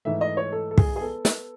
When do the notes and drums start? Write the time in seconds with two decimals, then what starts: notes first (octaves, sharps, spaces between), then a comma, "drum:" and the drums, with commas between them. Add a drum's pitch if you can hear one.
0.05 G#2 E3 A3 E5
0.21 D#5
0.37 C#5
0.52 A4
0.71 A4
0.78 G#4, drum: kick
0.96 G#4
1.01 B3 A4
1.25 drum: snare